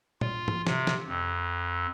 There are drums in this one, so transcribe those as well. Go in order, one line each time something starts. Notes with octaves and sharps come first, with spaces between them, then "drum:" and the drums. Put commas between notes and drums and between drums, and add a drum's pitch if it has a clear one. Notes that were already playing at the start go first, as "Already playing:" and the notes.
F4, drum: tom
drum: tom
C3, drum: snare
drum: snare
F2